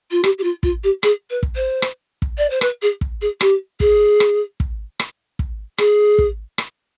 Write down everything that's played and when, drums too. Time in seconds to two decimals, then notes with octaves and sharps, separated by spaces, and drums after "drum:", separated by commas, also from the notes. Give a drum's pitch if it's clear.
0.11 F4
0.24 G4, drum: rim click
0.38 G4
0.43 F4
0.63 F4, drum: kick
0.83 G4
1.03 G#4, drum: rim click
1.30 B4
1.43 drum: kick
1.55 C5
1.82 drum: rim click
2.22 drum: kick
2.38 D5
2.50 C5
2.61 B4, drum: rim click
2.82 G#4
3.01 drum: kick
3.21 G#4
3.41 G4, drum: rim click
3.80 G#4, drum: kick
4.20 drum: rim click
4.60 drum: kick
5.00 drum: rim click
5.39 drum: kick
5.78 G#4, drum: rim click
6.18 drum: kick
6.58 drum: rim click